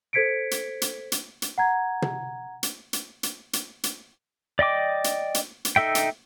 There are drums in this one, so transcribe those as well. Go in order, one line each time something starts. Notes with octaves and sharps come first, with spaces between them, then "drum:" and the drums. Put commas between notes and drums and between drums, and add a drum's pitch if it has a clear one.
A4 C5 G#6 B6 C#7 D7
drum: hi-hat
drum: hi-hat
drum: hi-hat
drum: hi-hat
F#5 A#5 G#6
drum: tom
drum: hi-hat
drum: hi-hat
drum: hi-hat
drum: hi-hat
drum: hi-hat
D5 D#5 G5 D6
drum: hi-hat
drum: hi-hat
drum: hi-hat
D#4 A4 E5 G5
drum: hi-hat